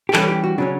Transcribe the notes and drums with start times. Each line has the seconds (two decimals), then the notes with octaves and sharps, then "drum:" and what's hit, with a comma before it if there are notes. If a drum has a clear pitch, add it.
0.09 G4
0.13 E3 G3 C#4 A4, drum: clap
0.28 G4
0.44 F#4
0.58 C#3 F#3 C#4 D4